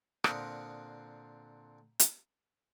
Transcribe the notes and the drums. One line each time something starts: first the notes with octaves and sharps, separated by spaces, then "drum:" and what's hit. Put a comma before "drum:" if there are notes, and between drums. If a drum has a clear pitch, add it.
A#2 D3 C4 A#4 F#5 D#6, drum: rim click
drum: hi-hat